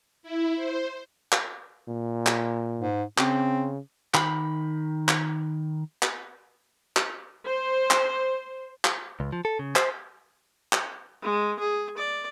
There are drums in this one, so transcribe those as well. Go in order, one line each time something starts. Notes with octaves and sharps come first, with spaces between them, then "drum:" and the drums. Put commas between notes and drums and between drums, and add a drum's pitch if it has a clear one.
E4
C5
drum: clap
A#2
drum: clap
G#2
C#3 C4, drum: clap
D#3 B5, drum: clap
drum: clap
drum: clap
drum: clap
C5
drum: clap
drum: clap
C#2
F3
A4
C#3
C5, drum: clap
drum: clap
G#3
G#4
D5